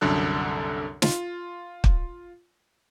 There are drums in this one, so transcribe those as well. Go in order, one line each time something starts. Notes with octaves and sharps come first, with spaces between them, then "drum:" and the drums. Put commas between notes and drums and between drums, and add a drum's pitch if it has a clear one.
C2 F#2 D3 A4 F#6
F4, drum: snare
drum: kick